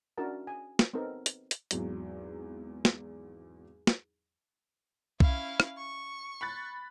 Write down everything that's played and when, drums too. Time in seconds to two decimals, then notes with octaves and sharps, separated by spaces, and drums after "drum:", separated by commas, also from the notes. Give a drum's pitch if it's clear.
0.18 C#4 D4 E4 F#4 A#4 A5
0.47 G#5
0.79 drum: snare
0.93 B3 C4 D#4 A4 A#4
1.26 drum: hi-hat
1.51 drum: hi-hat
1.71 G#1 E2 F#3, drum: hi-hat
2.85 drum: snare
3.87 drum: snare
5.20 C#4 E4 F5, drum: kick B1
5.60 drum: rim click
5.76 C#6
6.41 B5 F#6 A6